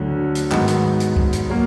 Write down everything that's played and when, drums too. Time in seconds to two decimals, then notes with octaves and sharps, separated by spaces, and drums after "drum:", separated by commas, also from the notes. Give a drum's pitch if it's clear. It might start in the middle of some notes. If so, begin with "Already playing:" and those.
Already playing: D2 D3 F#3
0.35 drum: hi-hat
0.51 G#2 D#3 F#3 B3 D#4, drum: clap
0.68 drum: hi-hat
1.00 drum: hi-hat
1.16 drum: kick C2
1.33 drum: hi-hat
1.50 F#3 A#3